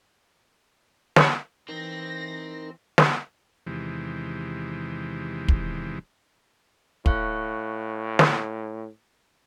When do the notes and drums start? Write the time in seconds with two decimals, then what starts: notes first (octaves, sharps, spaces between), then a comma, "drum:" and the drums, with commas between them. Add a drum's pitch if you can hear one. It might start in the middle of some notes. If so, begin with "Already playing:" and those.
1.16 C#5 A5 B5, drum: snare
1.68 E3 C4 D#4 A#4 A#6
2.98 drum: snare
3.67 E2 C3 D#3 E3 G#3 G4
5.48 drum: kick
7.06 A2 F5 C#6 F#6, drum: kick
8.19 drum: snare